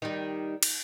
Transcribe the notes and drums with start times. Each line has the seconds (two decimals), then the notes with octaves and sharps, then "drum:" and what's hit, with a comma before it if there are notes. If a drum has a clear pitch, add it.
0.02 D#3 G3
0.63 drum: cymbal